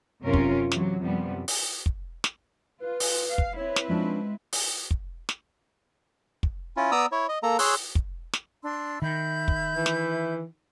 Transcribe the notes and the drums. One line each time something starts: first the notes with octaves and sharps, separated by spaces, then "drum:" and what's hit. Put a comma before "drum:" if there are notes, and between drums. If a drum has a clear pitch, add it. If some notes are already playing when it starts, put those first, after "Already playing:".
F#2 C3 C#4 F4 A#4
drum: kick
C3 E3 F#3, drum: snare
F#2 C3 F3 G3 B3
drum: open hi-hat
drum: kick
drum: snare
F4 B4
drum: open hi-hat
F5
drum: kick
C4 E4 B4 C#5
drum: snare
F3 G#3 C#4 D4
drum: open hi-hat
drum: kick
drum: snare
drum: kick
C#4 E4 F4
B3 D5 A#5 D#6 E6
E4 C#5
D#5
A#3 A4 A#5
G#4 C#5 C6 E6 F#6, drum: open hi-hat
drum: kick
drum: snare
D4 C6 E6
D#3 E5 B5 G6
drum: kick
E3
drum: snare